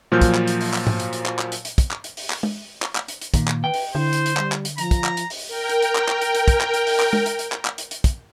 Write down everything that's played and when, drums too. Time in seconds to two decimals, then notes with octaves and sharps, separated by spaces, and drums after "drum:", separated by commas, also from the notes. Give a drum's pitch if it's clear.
0.12 A#2 F3 F#3 F6 G6
0.21 drum: kick, hi-hat
0.34 drum: clap
0.48 drum: hi-hat
0.61 drum: open hi-hat
0.74 drum: clap
0.87 drum: tom G#2
1.00 drum: hi-hat
1.13 drum: hi-hat
1.26 drum: clap
1.39 drum: clap
1.52 drum: hi-hat
1.65 drum: hi-hat
1.78 drum: kick, hi-hat
1.91 drum: clap
2.04 drum: hi-hat
2.17 drum: open hi-hat
2.30 drum: clap
2.43 drum: tom
2.82 drum: clap
2.95 drum: clap
3.08 drum: hi-hat
3.21 drum: hi-hat
3.34 A#2 D#3, drum: kick, hi-hat
3.48 drum: clap
3.64 B4 G5
3.74 drum: open hi-hat
3.95 D3 E4 C5
4.13 drum: hi-hat
4.26 drum: hi-hat
4.37 G3, drum: clap
4.52 drum: clap
4.65 drum: hi-hat
4.78 F3 A#5, drum: hi-hat
4.91 drum: kick, hi-hat
5.04 drum: clap
5.17 drum: hi-hat
5.30 drum: open hi-hat
5.48 A#4 G5
5.69 drum: hi-hat
5.82 drum: hi-hat
5.95 drum: clap
6.08 drum: clap
6.22 drum: hi-hat
6.35 drum: hi-hat
6.48 drum: kick, hi-hat
6.61 drum: clap
6.74 drum: hi-hat
6.87 drum: open hi-hat
7.00 drum: clap
7.13 drum: tom
7.26 drum: hi-hat
7.39 drum: hi-hat
7.52 drum: clap
7.65 drum: clap
7.78 drum: hi-hat
7.91 drum: hi-hat
8.04 drum: kick, hi-hat